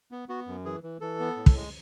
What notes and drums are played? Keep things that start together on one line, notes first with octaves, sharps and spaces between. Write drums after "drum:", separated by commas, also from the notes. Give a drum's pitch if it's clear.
B3
B3 F#4
F#2
E3 G#4
E3
E3 A4
B3
A2
drum: kick
G#3